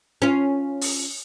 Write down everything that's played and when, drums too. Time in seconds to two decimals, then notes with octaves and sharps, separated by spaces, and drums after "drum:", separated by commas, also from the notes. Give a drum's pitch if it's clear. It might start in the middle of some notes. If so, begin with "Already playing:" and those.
0.22 C#4 F4
0.81 drum: open hi-hat